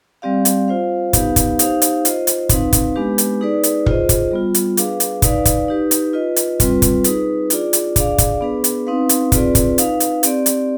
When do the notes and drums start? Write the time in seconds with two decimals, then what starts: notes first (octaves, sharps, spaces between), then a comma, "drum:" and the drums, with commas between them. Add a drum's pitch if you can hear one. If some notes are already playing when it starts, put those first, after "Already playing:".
0.22 G3 C4 G4 D5 F5
0.45 drum: hi-hat
0.68 F4 C5 F5
1.13 B3 D#4 G4 B4 F5, drum: kick, hi-hat
1.36 drum: kick, hi-hat
1.59 D#4 G4 C5 F5, drum: hi-hat
1.82 drum: hi-hat
2.05 F4 C5 D#5, drum: hi-hat
2.27 drum: hi-hat
2.49 C4 D#4 B4 F5, drum: kick, hi-hat
2.73 drum: kick, hi-hat
2.95 G#3 B3 D4 G4 B4
3.18 drum: hi-hat
3.41 D#4 G#4 B4 D5
3.64 drum: hi-hat
3.86 F4 G#4 C5 D#5, drum: kick
4.09 drum: kick, hi-hat
4.31 G3 B3 F4
4.54 drum: hi-hat
4.77 D4 G#4 B4 F5, drum: hi-hat
5.00 drum: hi-hat
5.22 D#4 B4 D5 F5, drum: kick, hi-hat
5.45 drum: kick, hi-hat
5.68 D#4 G4 B4
5.91 drum: hi-hat
6.13 F4 B4 D#5
6.36 drum: hi-hat
6.60 G3 C4 F4 B4, drum: kick, hi-hat
6.82 drum: kick, hi-hat
7.04 D#4 G#4 B4, drum: hi-hat
7.50 D4 F4 G#4 D5, drum: hi-hat
7.73 drum: hi-hat
7.96 D4 G#4 D5 F5, drum: kick, hi-hat
8.18 drum: kick, hi-hat
8.41 B3 D4 G#4 B4
8.64 drum: hi-hat
8.87 C4 D#4 B4 F5
9.09 drum: hi-hat
9.32 C4 F4 G#4 B4 D5, drum: kick, hi-hat
9.55 drum: kick, hi-hat
9.78 D#4 B4 F5, drum: hi-hat
10.00 drum: hi-hat
10.23 C4 G4 D5, drum: hi-hat
10.46 drum: hi-hat